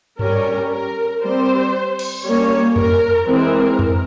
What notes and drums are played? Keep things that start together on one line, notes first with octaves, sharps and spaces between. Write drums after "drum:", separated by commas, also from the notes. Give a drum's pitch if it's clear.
G3 C#4 A#4, drum: tom G2
A#4
G3 C4 C5
drum: cymbal
G3 A#3 C#4 C#5
A#4, drum: tom F2
E3 G#3 C4 A#4
drum: tom F2